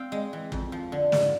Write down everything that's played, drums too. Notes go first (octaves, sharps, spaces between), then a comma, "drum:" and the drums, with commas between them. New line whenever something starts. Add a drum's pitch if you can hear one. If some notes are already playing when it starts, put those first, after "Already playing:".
Already playing: C4 F5 G5
G#3
E3
F2, drum: kick
F3
D3
G#2, drum: snare